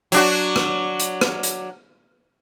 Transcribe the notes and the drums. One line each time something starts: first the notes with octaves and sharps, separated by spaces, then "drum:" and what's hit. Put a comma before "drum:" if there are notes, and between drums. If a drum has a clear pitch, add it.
F#3 D4 F#4, drum: hi-hat
drum: rim click
drum: hi-hat
drum: rim click
drum: hi-hat